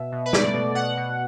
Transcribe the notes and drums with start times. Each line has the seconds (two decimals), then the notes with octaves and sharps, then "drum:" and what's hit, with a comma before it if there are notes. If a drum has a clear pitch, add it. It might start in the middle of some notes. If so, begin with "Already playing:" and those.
Already playing: B2 E5
0.12 B2
0.26 B4
0.33 A3 D5, drum: snare
0.54 B2
0.75 B2 F#5
0.97 B2